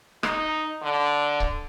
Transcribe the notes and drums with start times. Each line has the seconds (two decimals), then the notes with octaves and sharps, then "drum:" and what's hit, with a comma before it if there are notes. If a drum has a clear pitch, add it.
0.23 D#4, drum: rim click
0.83 D3
1.40 drum: kick C#1